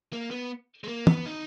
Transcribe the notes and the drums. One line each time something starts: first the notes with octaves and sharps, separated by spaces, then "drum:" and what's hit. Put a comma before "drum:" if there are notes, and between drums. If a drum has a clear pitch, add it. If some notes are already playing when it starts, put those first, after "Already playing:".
A#3
B3
G#3
A#3
B3, drum: tom
D#4